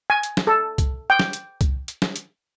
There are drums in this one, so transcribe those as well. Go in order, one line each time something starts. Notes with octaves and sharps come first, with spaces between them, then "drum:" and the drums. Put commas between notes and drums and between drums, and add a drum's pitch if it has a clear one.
G#5
drum: hi-hat
drum: snare
A4
drum: kick C2, hi-hat
G5
drum: snare
drum: hi-hat
drum: kick C2, hi-hat
drum: hi-hat
drum: snare
drum: hi-hat